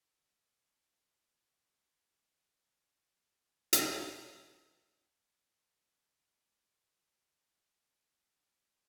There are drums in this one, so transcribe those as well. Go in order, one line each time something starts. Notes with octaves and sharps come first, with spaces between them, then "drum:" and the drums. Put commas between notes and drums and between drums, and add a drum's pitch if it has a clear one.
D3 C4 E4 A#4 C5
C#4
D5 F5 G5
drum: hi-hat
G2 C3 F4 B4 D5